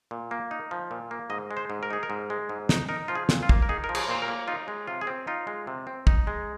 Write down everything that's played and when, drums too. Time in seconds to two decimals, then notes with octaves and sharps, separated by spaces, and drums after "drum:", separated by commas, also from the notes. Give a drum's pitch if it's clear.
0.11 A#2
0.31 A#3
0.51 D#4
0.71 F3
0.91 A#2
1.11 A#3
1.30 G#2 D#5
1.51 G#3
1.57 C5
1.70 G#2
1.83 A#4
1.90 D#4 G#4
2.03 A#4
2.10 G#2
2.30 G#3
2.49 G#2
2.69 D#4, drum: snare
2.89 D#4 A#4
3.08 F3 F4
3.15 G#4
3.29 A#2, drum: snare
3.43 F4
3.49 A#3, drum: kick
3.62 A#4
3.69 D#4 G#4
3.84 A#4
3.89 F3
3.95 G#4, drum: cymbal
4.08 A#2 C5
4.22 A#4
4.28 A#3
4.48 D#4 F4
4.68 G#3
4.87 C3 F4
5.01 G#4
5.07 C4
5.27 D#4 F4
5.47 G#3
5.67 C3
5.87 C4
6.07 D#4, drum: kick
6.27 G#3